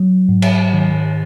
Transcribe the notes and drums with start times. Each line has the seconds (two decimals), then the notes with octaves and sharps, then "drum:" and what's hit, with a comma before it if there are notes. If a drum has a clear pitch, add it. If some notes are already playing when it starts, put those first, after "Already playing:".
Already playing: F#3
0.29 G#2
0.42 drum: cymbal
0.73 D#3